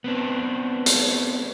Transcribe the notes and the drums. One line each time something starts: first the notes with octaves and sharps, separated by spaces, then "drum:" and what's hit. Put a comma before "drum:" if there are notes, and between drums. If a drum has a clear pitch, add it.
B3 C4 D4
drum: hi-hat